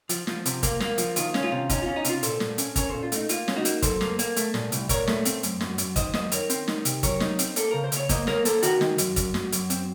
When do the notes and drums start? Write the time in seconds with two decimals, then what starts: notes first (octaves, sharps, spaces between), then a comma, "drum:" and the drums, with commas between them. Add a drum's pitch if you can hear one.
0.09 F3, drum: hi-hat
0.27 F3, drum: snare
0.45 C3, drum: hi-hat
0.63 A#3, drum: kick G1, hi-hat
0.80 A#3, drum: snare
0.98 F3, drum: hi-hat
1.16 D#3 F4, drum: hi-hat
1.34 C#4, drum: snare
1.43 F4
1.52 C3
1.69 C#4 D#4, drum: kick G1, hi-hat
1.82 C#4 F4
1.96 D#4
2.04 C3 F4, drum: hi-hat
2.23 A#2 A4 C5, drum: hi-hat
2.40 A#2, drum: snare
2.58 C#4, drum: hi-hat
2.76 C#4 A#4 C#5, drum: kick G1, hi-hat
2.89 A#2 A4 C5
3.03 F4
3.12 A3 D#4, drum: hi-hat
3.29 A#3 F4, drum: hi-hat
3.48 C#4, drum: snare
3.56 D#4 F#4
3.65 A#3, drum: hi-hat
3.82 F#2 A4 C5, drum: kick G1, hi-hat
4.01 A#3, drum: snare
4.19 A#3, drum: hi-hat
4.36 A3, drum: hi-hat
4.54 A#2, drum: snare
4.72 C2, drum: hi-hat
4.89 A#2 A#4 C#5, drum: kick G1, hi-hat
5.07 A3, drum: snare
5.25 C4, drum: hi-hat
5.43 F#2, drum: hi-hat
5.61 F#2, drum: snare
5.78 F#2, drum: hi-hat
5.96 D#3 C5 D#5, drum: kick G1, hi-hat
6.14 F#2 C5 D#5, drum: snare
6.32 D#3 A#4 C#5, drum: hi-hat
6.50 C4, drum: hi-hat
6.68 D#4, drum: snare
6.85 C3, drum: hi-hat
7.03 F#3 A#4 C#5, drum: kick G1, hi-hat
7.20 D#4, drum: snare
7.39 C4, drum: hi-hat
7.56 A#3 A4, drum: hi-hat
7.71 C#3 A#4
7.84 C5
7.92 C#3 C#5, drum: hi-hat
8.09 A#3 C5 D#5, drum: kick G1, hi-hat
8.27 A#3 A#4 C#5, drum: snare
8.45 A#3 A4 C5, drum: hi-hat
8.63 D#3 F#4 A#4, drum: hi-hat
8.81 D#3, drum: snare
8.98 F#2, drum: hi-hat
9.16 F#2, drum: kick G1, hi-hat
9.34 F#2, drum: snare
9.52 F#2, drum: hi-hat
9.70 C4, drum: hi-hat